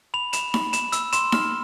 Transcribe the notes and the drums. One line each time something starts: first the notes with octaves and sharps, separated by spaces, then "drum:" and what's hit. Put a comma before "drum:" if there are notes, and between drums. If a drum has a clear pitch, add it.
B5 F7
B5 E7, drum: hi-hat
B5, drum: snare D#4
B5 E7, drum: hi-hat
E6, drum: hi-hat
C6 E7, drum: hi-hat
F6 E7, drum: snare D#4